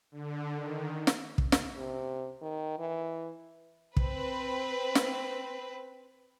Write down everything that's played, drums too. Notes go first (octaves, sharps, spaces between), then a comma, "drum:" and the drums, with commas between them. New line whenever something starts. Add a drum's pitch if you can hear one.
D3
D#3
drum: snare
drum: kick
drum: snare
C3
D#3
E3
C4 B4, drum: kick
drum: snare